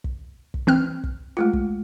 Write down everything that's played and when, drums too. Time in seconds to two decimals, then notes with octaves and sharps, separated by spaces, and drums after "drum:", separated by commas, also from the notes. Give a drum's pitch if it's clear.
0.04 drum: kick
0.54 drum: kick
0.67 E3 C4 F6
1.04 drum: kick
1.37 G#3 A3 F4
1.53 drum: kick